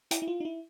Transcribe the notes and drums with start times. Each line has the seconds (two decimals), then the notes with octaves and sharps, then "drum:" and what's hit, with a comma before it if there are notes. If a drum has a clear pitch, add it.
0.11 E4, drum: hi-hat
0.22 E4
0.28 F4
0.40 D#4
0.45 E4